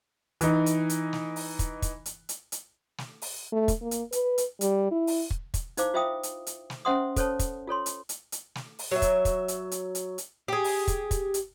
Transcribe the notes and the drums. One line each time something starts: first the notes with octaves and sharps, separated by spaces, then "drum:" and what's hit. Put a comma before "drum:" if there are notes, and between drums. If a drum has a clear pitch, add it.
E3 D#4, drum: hi-hat
drum: hi-hat
drum: hi-hat
drum: snare
drum: open hi-hat
drum: kick, hi-hat
drum: kick, hi-hat
drum: hi-hat
drum: hi-hat
drum: hi-hat
drum: snare
drum: open hi-hat
A3
drum: kick, hi-hat
A#3
drum: hi-hat
B4, drum: hi-hat
drum: hi-hat
G3, drum: hi-hat
E4
drum: open hi-hat
drum: kick
drum: kick, hi-hat
D#4 E4 C5 F5 D6, drum: hi-hat
F4 C5 E5 F5 G5 D#6
drum: hi-hat
drum: hi-hat
drum: snare
C#4 C5 E5 F#5 C6 D#6
A4 C5 C#5 A5, drum: kick, hi-hat
drum: kick, hi-hat
F4 A4 C#5 C6
drum: hi-hat
drum: hi-hat
drum: hi-hat
drum: snare
drum: open hi-hat
F#3 E5
drum: kick, hi-hat
drum: kick, hi-hat
drum: hi-hat
drum: hi-hat
drum: hi-hat
drum: hi-hat
G4 G#4
drum: open hi-hat
drum: kick, hi-hat
drum: kick, hi-hat
drum: hi-hat